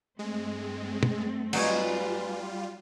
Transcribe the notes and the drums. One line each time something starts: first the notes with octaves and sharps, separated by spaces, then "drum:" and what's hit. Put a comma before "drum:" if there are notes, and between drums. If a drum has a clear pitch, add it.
G2 G#3 A3 C4
drum: tom
F#3 G3 D#4 F4 B4 C#5 D5 G#5, drum: cymbal